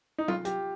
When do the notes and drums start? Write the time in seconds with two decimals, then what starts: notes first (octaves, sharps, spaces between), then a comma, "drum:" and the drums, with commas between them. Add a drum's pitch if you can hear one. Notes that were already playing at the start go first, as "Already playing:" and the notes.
0.18 D#4
0.28 F4, drum: tom F#3
0.45 G4, drum: hi-hat